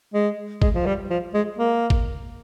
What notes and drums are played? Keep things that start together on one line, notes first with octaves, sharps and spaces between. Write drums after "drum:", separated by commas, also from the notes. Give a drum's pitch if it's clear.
G#3
G#3, drum: kick
F3
G3
F3
G#3
A#3
drum: kick